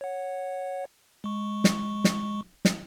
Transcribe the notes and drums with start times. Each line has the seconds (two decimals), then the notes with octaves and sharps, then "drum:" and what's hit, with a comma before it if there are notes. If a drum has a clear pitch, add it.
0.01 C#5 F#5
1.24 G#3 C#6
1.64 drum: snare
2.04 drum: snare
2.65 drum: snare